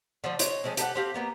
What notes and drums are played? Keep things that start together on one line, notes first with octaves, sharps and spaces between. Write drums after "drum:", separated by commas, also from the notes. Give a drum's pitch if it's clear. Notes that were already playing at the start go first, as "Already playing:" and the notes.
D3 F3 A3
C5 C#5 D#5, drum: hi-hat
F3 G#3 A3 C4
G4 A4 D5 F#5, drum: hi-hat
C4 G4 F5
A#3 B3 A#5